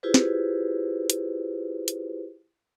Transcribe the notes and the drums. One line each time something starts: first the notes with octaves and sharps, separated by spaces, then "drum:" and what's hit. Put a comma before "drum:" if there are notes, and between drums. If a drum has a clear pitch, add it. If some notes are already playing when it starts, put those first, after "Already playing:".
E4 F4 G4 G#4 B4 C5
drum: snare
drum: hi-hat
drum: hi-hat